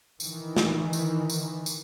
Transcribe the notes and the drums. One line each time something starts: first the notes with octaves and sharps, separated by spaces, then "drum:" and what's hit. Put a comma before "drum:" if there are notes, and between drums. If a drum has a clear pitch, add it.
D#3 E3, drum: tambourine
drum: snare
drum: tambourine
drum: tambourine
drum: tambourine